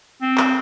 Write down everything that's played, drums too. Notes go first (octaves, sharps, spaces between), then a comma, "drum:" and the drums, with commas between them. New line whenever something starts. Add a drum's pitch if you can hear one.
C4
drum: clap